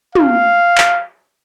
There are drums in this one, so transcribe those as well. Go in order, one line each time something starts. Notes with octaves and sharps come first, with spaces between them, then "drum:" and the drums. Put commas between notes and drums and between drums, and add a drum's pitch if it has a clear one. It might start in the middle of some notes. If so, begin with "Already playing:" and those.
F5, drum: tom
drum: clap